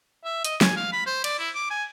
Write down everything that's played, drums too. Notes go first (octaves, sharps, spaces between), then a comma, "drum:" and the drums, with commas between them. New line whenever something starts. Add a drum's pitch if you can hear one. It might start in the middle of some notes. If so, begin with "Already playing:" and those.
E5
D#5, drum: hi-hat
G#5, drum: snare
F5
B5
C5
D5, drum: cymbal
E4
D6
G#5